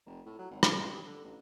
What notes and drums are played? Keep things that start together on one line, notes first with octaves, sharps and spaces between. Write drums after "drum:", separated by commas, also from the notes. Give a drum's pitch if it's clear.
F1
A2
F#3
G#1
C#2, drum: rim click
A1
G2
D3
A1